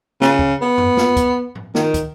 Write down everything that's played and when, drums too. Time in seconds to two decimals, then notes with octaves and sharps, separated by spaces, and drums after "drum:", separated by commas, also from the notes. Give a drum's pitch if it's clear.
0.21 C#3, drum: snare
0.39 drum: kick
0.62 B3
0.78 drum: tom F2
0.97 drum: snare
1.17 drum: kick, hi-hat
1.55 drum: tom A2
1.75 D#3, drum: snare
1.94 drum: kick, hi-hat